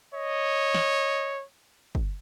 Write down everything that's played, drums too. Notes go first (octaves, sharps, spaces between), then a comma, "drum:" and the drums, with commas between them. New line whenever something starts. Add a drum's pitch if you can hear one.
C#5 D#5
drum: snare
drum: kick